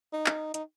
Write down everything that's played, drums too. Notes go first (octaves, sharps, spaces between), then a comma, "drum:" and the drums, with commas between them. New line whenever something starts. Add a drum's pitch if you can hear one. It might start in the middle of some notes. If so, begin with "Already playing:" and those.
D#4
drum: clap
D#4, drum: hi-hat